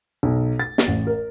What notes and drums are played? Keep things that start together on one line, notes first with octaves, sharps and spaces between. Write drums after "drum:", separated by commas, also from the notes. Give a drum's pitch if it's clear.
B1
A6
drum: snare
A1
A#4